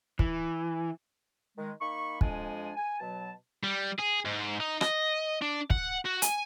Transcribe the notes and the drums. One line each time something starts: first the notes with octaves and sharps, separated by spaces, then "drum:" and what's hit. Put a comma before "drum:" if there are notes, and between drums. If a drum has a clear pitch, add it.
E3, drum: kick
D#3 G#3
A#3 D#4 B5 C#6
F2 F3 G#3 D4 G#5, drum: kick
G#5
B2 F#3 A5
G3
G#4
G#2
D#4
D#5, drum: rim click
D4
F#5, drum: kick
F#4
G#5, drum: hi-hat